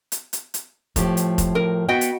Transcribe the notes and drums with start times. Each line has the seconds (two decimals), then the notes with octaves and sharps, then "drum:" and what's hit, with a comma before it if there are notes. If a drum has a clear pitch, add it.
0.12 drum: hi-hat
0.33 drum: hi-hat
0.54 drum: hi-hat
0.96 A2 F3 G4, drum: kick F1, hi-hat
1.17 drum: hi-hat
1.38 drum: kick F1, hi-hat
1.55 A#4
1.89 B3 F#4 D#5 G5
2.01 drum: hi-hat